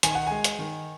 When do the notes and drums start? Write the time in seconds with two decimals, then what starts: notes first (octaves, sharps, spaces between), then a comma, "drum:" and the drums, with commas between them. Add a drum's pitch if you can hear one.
0.03 D#3 G#5, drum: hi-hat
0.15 F#5
0.27 G#3 G#5
0.44 drum: hi-hat
0.59 D#3